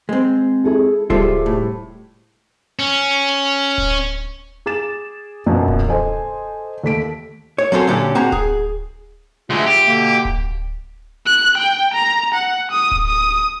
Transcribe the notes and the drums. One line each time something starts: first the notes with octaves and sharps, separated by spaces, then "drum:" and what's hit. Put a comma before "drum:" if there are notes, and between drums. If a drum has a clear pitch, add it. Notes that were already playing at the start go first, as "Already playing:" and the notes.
G#3 C4
E4 G#4 A4
C3 G3 F4 G#4 A4 E5, drum: kick D1
A2
C#4
drum: kick D1
G#4 D6 A6 E7
A#1 F#2 B2 F3 F#3
drum: kick D1
A4 C5 D#5 G#5
D#2 A3 B6 D7
C#5
F#3 C4 C#4 E4 A4 C5
A#2 D3 C#4 D4 F#4 G4
C4 F#4 G#4 A#5
G#4, drum: kick D1
D2 G#3 F4 E5
G4
B2 D3 A#3
drum: kick D1
F#6
G5
A#5
F#5
D#6
drum: kick D1
D#6